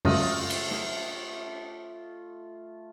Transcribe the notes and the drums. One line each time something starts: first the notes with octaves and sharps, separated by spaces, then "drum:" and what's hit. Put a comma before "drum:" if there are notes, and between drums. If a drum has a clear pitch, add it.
C#2 F#2 A3 F4 D#5, drum: cymbal
drum: cymbal
drum: snare